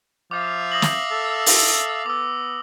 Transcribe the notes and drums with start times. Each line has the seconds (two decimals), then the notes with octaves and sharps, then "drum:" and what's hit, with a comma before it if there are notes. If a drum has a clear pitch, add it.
0.31 F3 E5 F5 D6
0.72 D#6 A#6 F#7
0.82 drum: snare
1.11 A4
1.46 drum: open hi-hat
2.06 B3 D6 E6